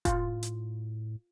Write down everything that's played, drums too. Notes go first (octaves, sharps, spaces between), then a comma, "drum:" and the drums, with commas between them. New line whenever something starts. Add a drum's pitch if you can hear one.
A2 F4, drum: kick F1, hi-hat
drum: hi-hat